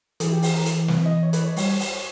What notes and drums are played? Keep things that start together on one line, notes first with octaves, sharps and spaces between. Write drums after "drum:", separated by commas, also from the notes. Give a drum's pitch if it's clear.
E3 G#4, drum: hi-hat
G4
G#4, drum: open hi-hat
E3 A#4
drum: hi-hat
B4, drum: snare
D#5
C#5
B4, drum: hi-hat
C#5
D#5
G3 C#5, drum: open hi-hat
drum: open hi-hat
C#5